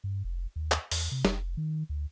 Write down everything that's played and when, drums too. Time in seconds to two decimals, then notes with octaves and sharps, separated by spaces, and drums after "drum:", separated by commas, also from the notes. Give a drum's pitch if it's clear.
0.04 G2
0.24 F1
0.56 D#2
0.72 drum: clap
0.91 E2, drum: open hi-hat
1.11 C3
1.25 F1, drum: snare
1.57 D#3
1.89 D2